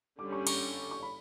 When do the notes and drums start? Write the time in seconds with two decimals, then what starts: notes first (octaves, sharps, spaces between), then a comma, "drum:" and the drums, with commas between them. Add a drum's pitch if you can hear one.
0.19 D3 G3 C#4 D6
0.33 C#6
0.47 C#6, drum: cymbal
0.91 C#6
1.03 B5